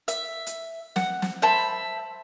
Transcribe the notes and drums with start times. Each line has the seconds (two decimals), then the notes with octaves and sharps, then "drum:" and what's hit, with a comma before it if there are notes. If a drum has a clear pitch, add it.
0.08 E5, drum: hi-hat
0.47 drum: hi-hat
0.96 F#5, drum: snare
1.22 drum: snare
1.42 C5 E5 A5 B5